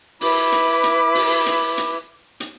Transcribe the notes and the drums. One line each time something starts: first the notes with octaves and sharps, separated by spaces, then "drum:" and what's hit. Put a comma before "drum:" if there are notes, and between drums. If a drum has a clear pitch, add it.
E4 B4 B5 D6, drum: open hi-hat
drum: hi-hat
drum: hi-hat
drum: open hi-hat
drum: hi-hat
drum: hi-hat
drum: hi-hat